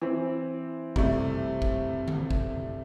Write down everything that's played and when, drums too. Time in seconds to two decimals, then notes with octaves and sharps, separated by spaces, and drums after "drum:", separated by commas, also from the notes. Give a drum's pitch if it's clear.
0.02 E3 C4
0.96 C3 G3 A3, drum: kick
1.62 drum: kick
2.08 drum: tom D3
2.31 drum: kick